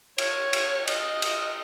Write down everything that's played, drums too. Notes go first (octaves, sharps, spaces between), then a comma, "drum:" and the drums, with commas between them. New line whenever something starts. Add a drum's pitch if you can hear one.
C#5, drum: cymbal
drum: cymbal
D#5, drum: cymbal
drum: cymbal